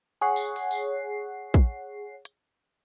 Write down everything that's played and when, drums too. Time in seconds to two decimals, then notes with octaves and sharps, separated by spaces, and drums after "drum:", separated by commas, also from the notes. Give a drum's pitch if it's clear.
0.21 G#4 C#5 F#5 C7
0.36 drum: tambourine
0.56 drum: open hi-hat
0.71 drum: tambourine
1.54 drum: kick
2.25 drum: hi-hat